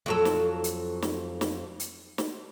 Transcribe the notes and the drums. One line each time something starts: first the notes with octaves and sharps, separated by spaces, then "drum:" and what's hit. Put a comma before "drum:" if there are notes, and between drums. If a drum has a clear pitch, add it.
F2 F#3 A4
drum: snare
drum: hi-hat
drum: snare
drum: snare
drum: hi-hat
drum: snare